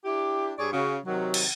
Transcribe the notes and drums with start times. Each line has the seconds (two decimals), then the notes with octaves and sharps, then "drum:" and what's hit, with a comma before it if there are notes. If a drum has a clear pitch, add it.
0.05 D4 E4 G4
0.58 G2 G#4 C#5 D5
0.72 C#3 F#4
1.05 C3 D#3 F#3
1.34 drum: cymbal